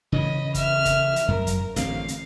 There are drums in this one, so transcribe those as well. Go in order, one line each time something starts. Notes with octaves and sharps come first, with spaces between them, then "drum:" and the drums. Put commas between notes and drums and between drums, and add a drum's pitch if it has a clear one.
C#3 E3 F3 D#5 B5
E5 F6, drum: kick, hi-hat
drum: kick, hi-hat
drum: hi-hat
F#2 A#4
drum: kick, hi-hat
A1 D3 C4 F5, drum: hi-hat
drum: hi-hat